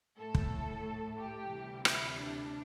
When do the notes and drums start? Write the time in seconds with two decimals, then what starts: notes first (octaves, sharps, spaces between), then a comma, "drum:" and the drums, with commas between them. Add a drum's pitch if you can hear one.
0.18 A2 A3 A4
0.35 drum: kick
1.18 G4
1.51 D2 C3 E3 G3
1.85 E4, drum: rim click
2.18 D4